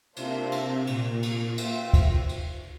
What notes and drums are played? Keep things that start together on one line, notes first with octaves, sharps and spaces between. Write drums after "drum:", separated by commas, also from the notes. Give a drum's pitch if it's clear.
C3 A#3 D4 F4 C5 E5, drum: cymbal
drum: cymbal
A#2, drum: cymbal
drum: cymbal
F4 C5 E5 G5, drum: cymbal
drum: kick, cymbal
drum: cymbal